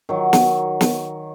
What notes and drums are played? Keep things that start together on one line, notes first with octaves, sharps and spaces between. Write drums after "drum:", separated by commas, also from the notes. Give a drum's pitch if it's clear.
D#3 F#3
drum: snare
drum: snare